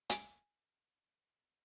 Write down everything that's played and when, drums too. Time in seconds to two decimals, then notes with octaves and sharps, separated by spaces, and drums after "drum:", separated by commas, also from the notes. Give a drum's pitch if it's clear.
0.10 G#5 D7, drum: hi-hat